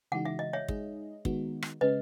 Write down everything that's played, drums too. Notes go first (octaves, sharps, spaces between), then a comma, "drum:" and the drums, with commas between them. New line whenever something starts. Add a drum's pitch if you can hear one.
C#3 E3 G#3 D#4 F#4 F#5
E5
D#5
C#5 E5
G#3 D#4 G#4 D#5, drum: kick
D#3 G#3 B3 D#4 F#4, drum: kick
drum: rim click
C#3 G#3 C#4 B4 D#5